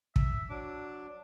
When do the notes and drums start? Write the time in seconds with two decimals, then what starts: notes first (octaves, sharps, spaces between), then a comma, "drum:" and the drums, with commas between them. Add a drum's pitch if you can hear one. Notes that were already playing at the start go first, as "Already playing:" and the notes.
0.16 E5, drum: kick
0.50 F#3 D4 D6